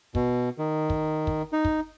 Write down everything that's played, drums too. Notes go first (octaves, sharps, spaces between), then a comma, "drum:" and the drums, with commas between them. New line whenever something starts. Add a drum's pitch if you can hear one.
B2, drum: kick
D#3
drum: kick
drum: kick
D#4
drum: kick